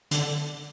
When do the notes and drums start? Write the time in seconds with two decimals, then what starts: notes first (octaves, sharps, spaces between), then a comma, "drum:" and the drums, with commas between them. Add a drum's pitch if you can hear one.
0.11 D3, drum: hi-hat